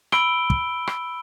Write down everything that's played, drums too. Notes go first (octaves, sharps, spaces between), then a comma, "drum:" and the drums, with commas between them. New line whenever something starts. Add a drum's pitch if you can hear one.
B5 E6 D7 G7, drum: rim click
drum: kick
drum: rim click